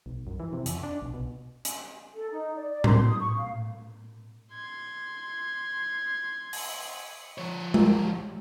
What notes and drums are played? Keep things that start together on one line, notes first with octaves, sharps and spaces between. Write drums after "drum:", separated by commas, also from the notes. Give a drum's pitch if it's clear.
B1
F#2
E3
C3
F2, drum: hi-hat
D4
B1
B2
drum: hi-hat
A4
D#4
D5
D5
C6, drum: tom A2
D#6
C#6
F5
C6 G#6
drum: open hi-hat
F3 C#5
drum: tom G#3